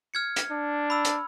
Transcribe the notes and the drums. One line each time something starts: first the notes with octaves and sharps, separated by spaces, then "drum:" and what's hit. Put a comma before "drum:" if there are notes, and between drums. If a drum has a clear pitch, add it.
F6 G#6 C#7
drum: hi-hat
D4
B5 E6
drum: hi-hat